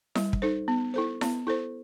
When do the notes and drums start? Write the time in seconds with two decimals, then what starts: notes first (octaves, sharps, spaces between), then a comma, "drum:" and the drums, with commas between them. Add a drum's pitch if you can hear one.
0.15 G3, drum: snare E4
0.33 drum: kick
0.42 D#4 A4 C5
0.68 B3
0.94 E4 A4 C5
1.21 B3, drum: snare E4
1.47 E4 A4 C5